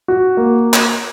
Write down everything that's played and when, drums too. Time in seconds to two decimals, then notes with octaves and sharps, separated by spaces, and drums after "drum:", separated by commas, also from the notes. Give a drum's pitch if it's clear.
0.08 F#4
0.37 A#3
0.74 drum: clap